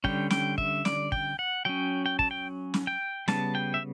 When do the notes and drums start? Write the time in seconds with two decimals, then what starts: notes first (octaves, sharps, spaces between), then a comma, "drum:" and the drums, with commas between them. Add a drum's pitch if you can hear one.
0.04 D3 G3 C#4 G5, drum: kick
0.30 G5, drum: snare
0.58 E5, drum: kick
0.85 D5, drum: snare
1.12 G5, drum: kick
1.39 F#5
1.65 F#3 C#4 G5
2.06 G5
2.19 A5, drum: kick
2.31 G5
2.74 drum: snare
2.87 G5
3.28 C#3 G3 B3 A5, drum: snare
3.55 G5
3.74 E5